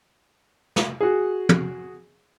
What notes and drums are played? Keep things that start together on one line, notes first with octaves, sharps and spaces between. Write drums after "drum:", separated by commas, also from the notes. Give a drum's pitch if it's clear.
drum: snare
F#4 G#4
drum: tom